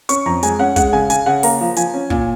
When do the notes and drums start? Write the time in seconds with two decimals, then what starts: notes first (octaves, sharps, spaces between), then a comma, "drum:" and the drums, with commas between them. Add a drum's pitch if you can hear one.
0.09 C#4 C#6, drum: hi-hat
0.26 F2 A#5
0.43 G#3 G#5, drum: hi-hat
0.59 C#4 F#5
0.76 G#3 F#5, drum: kick, hi-hat
0.93 C#3 G#5
1.10 C#3 G#5, drum: hi-hat
1.26 C#3 F#5
1.43 A#3 A#5, drum: open hi-hat
1.61 F3
1.76 F3 G#5, drum: hi-hat
1.94 C#4
2.10 A#2, drum: kick